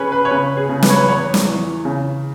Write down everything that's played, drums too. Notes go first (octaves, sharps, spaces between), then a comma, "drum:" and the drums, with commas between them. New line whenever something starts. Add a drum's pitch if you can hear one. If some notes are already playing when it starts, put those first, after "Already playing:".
Already playing: C#4 G#4 B4 C#5
B4
C#5
C#3 B4
G#4
C#3
B4, drum: snare
C#5
B4
E2 C#5
drum: snare
E3
C#3